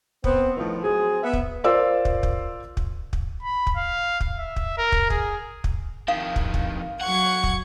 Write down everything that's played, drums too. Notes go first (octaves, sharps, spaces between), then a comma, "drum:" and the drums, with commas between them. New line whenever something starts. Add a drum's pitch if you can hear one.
B3 C4, drum: kick
A2 D#3 F3
F#3 C4 G#4
B3 E5
drum: kick
F4 A#4 C5 D5 F5 E6
drum: kick
drum: kick
drum: kick
drum: kick
B5
drum: kick
F5
drum: kick
E5
drum: kick
A#4
drum: kick
G#4, drum: kick
drum: kick
F2 D#3 F5
drum: kick
drum: kick
F#3 F#5 C#6 G#6
drum: kick